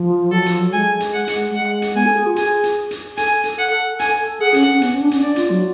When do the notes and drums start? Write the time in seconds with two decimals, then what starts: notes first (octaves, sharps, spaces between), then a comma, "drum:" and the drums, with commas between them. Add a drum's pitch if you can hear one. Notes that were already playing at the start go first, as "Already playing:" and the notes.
Already playing: F3
0.32 F#3 A4
0.46 F3, drum: hi-hat
0.59 F#3
0.73 G#3 G#5
1.00 drum: hi-hat
1.13 F#5
1.27 drum: hi-hat
1.55 G#3 F#5
1.82 drum: hi-hat
1.96 B3 G#5
2.06 A4
2.16 G#4
2.26 F4
2.36 G#4 G#5, drum: hi-hat
2.64 drum: hi-hat
2.91 drum: hi-hat
3.17 A4 G#5, drum: hi-hat
3.44 A4, drum: hi-hat
3.58 F#5
3.69 A4
3.94 A4
4.00 G#5, drum: hi-hat
4.19 A4
4.40 G#4 F#5
4.54 C#4, drum: hi-hat
4.68 C#4
4.81 B3, drum: hi-hat
4.92 C#4
5.01 D4
5.11 C#4, drum: hi-hat
5.22 D4 D5
5.36 F4, drum: hi-hat
5.50 F#3